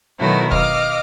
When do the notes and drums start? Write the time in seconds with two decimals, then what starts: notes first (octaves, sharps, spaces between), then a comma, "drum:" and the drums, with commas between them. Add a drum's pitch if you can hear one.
0.20 B2 D#3 F#3 A3 E4 F#4
0.51 D#5 F5 D6 F6, drum: kick